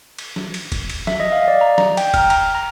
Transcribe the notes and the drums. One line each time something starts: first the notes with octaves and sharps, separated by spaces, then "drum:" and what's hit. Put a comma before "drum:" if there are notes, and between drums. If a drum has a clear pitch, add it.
drum: cymbal
drum: snare
drum: cymbal
drum: kick F1, cymbal
drum: cymbal
E5, drum: snare
D#5
F5
D5
A#5
A#5, drum: snare
G5, drum: cymbal
F6, drum: kick F1, cymbal
A#5, drum: cymbal
A#5